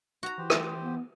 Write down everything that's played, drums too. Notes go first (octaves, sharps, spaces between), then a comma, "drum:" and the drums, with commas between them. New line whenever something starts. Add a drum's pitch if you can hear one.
F#4 A#5
E3 G4 C5
drum: rim click
B3